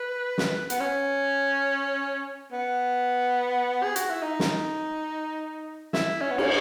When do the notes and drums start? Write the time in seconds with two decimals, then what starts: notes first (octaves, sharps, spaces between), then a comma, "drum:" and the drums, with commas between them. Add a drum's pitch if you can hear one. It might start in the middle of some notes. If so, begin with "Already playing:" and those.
Already playing: B4
0.38 drum: snare
0.70 B3, drum: hi-hat
0.80 C#4
2.52 B3
3.83 G#4
3.96 F#4, drum: hi-hat
4.10 E4
4.22 D#4
4.40 drum: snare
5.93 E4, drum: snare
6.21 C#4
6.31 B3
6.38 C#4, drum: cymbal